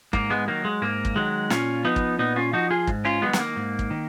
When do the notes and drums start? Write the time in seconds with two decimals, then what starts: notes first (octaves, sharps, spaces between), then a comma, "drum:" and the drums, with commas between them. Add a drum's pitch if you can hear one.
0.13 G#2 A#3, drum: kick
0.30 G#3 B3
0.48 D#3 F#3 A#3
0.65 G#3
0.82 G#2 A#3
1.05 drum: kick
1.16 D#3 F#3 G#3
1.50 A#2 C#4 F4, drum: snare
1.85 F3 B3 D#4
1.96 drum: kick
2.19 A#2 B3 D#4
2.36 C#4 F4
2.53 F3 D#4 F#4
2.71 F4 G#4
2.87 G#2, drum: kick
3.05 C#4 F4
3.22 D#3 F#3 G#3 B3
3.33 G#3, drum: snare
3.39 A#3
3.56 G#2
3.79 drum: kick
3.90 D#3